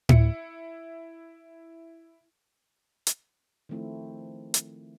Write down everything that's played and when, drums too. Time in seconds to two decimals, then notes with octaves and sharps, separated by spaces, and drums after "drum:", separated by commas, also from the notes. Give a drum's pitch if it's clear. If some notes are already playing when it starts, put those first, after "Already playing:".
0.09 E4 C#7, drum: tom A2
3.07 drum: hi-hat
3.69 D#3 F3 A3 C4 E4
4.54 drum: hi-hat